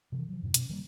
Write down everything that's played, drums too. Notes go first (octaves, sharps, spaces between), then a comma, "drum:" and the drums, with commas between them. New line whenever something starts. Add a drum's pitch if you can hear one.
C3 D#3 E3
E3 F#3
F#2 A2 C3
B2 C#4, drum: hi-hat
D#3 G3 A#3